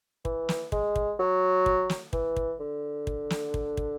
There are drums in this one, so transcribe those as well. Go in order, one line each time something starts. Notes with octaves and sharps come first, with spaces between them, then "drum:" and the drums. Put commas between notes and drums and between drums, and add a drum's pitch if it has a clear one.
E3, drum: kick
drum: snare
G#3, drum: kick
drum: kick
F#3
drum: kick
drum: snare
E3, drum: kick
drum: kick
D3
drum: kick
drum: snare
drum: kick
drum: kick